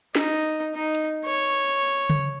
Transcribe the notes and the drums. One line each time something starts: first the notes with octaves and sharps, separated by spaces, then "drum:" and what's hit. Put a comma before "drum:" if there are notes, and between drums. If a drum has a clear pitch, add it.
D#4, drum: snare
D#4
drum: hi-hat
C#5
drum: tom C#3